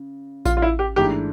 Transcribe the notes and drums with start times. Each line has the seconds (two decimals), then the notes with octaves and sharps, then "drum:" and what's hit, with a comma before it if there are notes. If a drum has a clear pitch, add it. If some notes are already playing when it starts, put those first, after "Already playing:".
Already playing: C#3
0.45 F4, drum: kick A1, tambourine
0.57 F4
0.62 E4
0.79 G4
0.96 G#2 E3 A3 D4 G4